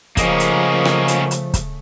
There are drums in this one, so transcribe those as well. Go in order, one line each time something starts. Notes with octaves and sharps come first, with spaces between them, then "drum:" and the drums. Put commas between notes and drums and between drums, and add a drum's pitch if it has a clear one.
C#3 F3 A3 A#3 C#4 G#4 A#4 D#5, drum: kick, hi-hat
drum: hi-hat
drum: rim click
drum: hi-hat
drum: hi-hat
drum: kick, hi-hat